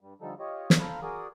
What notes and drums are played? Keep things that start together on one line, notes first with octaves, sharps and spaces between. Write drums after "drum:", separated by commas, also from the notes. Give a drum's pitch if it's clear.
G2 G3
D3 F3 G3 D#4 A4
F4 G4 C#5 D#5
drum: snare
A4 C5 F5 A#5 B5
F#4 G#4 A#4 D5 D#6